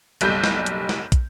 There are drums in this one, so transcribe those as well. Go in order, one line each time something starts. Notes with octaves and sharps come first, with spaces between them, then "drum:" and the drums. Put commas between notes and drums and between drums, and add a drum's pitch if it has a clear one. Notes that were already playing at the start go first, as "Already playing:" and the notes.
F#1 B1 G3 G6, drum: hi-hat
drum: snare
drum: hi-hat
drum: snare
drum: kick, hi-hat